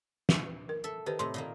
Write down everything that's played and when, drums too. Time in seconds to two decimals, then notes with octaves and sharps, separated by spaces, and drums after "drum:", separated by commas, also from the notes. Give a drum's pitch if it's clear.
0.29 drum: snare
0.69 A#4
0.84 A4 E5
1.06 D#3 G4 B4 C5
1.19 A2 C3 C6
1.34 A#2 D#3 A#3